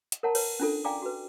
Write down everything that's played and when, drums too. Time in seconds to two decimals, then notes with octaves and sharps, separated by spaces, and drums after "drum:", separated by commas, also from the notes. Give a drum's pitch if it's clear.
0.12 drum: hi-hat
0.23 A#4 C#5 F#5 A5 A#5
0.35 B4 C#5, drum: cymbal
0.60 C#4 D4 F4 A4
0.85 D5 F5 G5 G#5 A#5 D6
1.02 F#4 B4